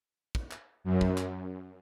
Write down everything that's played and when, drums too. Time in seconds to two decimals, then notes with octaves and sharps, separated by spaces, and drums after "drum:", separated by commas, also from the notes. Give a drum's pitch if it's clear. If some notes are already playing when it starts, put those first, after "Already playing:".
0.35 drum: kick
0.51 drum: clap
0.84 F#2
1.01 drum: kick
1.18 drum: clap